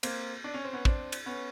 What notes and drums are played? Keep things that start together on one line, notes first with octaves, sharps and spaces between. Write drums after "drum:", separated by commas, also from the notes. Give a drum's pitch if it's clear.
A#3 C4, drum: cymbal
D4
C#4
C4
B3 C#4
C4 D4, drum: kick
drum: cymbal
B3 C#4